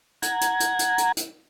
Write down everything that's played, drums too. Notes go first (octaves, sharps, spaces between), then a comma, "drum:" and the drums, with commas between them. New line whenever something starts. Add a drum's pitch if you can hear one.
F#5 A#5 G#6, drum: hi-hat
drum: hi-hat
drum: hi-hat
drum: hi-hat
drum: hi-hat
drum: hi-hat